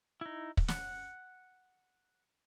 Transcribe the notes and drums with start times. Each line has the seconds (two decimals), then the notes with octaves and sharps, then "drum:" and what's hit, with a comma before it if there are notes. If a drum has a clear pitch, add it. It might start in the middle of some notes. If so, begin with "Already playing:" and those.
0.21 D#4 E4
0.57 drum: kick
0.68 F#5, drum: snare